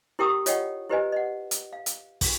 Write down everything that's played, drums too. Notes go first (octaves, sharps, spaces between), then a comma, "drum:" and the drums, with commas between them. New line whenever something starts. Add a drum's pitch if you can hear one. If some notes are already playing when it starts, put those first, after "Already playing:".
E4 G4 A#4 G5 C#6 D#6
F4 C#5 D#5 F#5 G5, drum: hi-hat
E4 G4 B4 C5 D#5 G#5
D#5 F#5
drum: hi-hat
F5
drum: hi-hat
drum: kick, open hi-hat